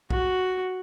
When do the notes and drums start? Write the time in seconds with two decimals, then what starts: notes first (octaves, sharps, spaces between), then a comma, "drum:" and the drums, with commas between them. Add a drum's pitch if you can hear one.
0.10 F#4, drum: kick B1